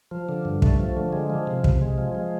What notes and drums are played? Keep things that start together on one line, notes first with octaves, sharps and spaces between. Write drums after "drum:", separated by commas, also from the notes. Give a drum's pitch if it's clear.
F3
D3
G2
A3, drum: kick
F3
D3
G#3
F3
C3
C3, drum: kick
G#3
F3
G#3